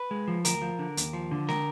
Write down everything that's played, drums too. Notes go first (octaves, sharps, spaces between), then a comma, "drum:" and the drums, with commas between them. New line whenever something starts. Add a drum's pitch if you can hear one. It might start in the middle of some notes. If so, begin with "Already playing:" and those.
Already playing: B4
G#3
F3
D2 A#4, drum: hi-hat
F3
D3
D#2, drum: hi-hat
F3
D3
A#4, drum: snare